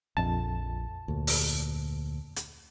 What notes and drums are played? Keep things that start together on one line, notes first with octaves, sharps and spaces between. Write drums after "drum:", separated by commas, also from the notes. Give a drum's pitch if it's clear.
A#1 F2 A5
D2 A#2
drum: open hi-hat
drum: hi-hat